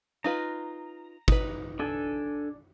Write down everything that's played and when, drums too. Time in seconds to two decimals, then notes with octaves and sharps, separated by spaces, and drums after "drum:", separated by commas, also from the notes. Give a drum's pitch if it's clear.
0.24 D#4 F4 B4 A#5
1.28 D#4 B4, drum: kick
1.79 D4 A4 G#5